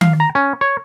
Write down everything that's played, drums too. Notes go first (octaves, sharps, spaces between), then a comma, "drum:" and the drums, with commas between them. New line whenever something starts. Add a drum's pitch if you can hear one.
F5, drum: tom D#3
A#5
C#4
C#5